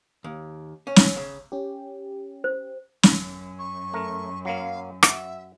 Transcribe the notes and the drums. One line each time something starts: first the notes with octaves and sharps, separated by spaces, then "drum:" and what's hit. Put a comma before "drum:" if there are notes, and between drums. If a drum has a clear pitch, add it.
D#2
C#4
drum: snare
C#3
C#4 G4
C5
F#2, drum: snare
C#6
A3 A#4
F#3 A#3 F5
F#4 E5, drum: rim click